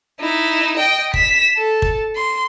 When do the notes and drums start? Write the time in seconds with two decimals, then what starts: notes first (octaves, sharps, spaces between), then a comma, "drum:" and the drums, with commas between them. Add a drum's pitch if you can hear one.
0.20 D#4 E4
0.77 D#5 G5
1.14 B6 E7, drum: kick
1.57 A4
1.82 drum: kick
2.16 C6